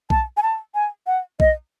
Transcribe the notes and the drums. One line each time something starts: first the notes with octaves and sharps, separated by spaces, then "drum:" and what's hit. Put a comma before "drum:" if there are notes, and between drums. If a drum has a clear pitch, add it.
A5, drum: kick B1
G#5
A5
G#5
F#5
D#5, drum: kick B1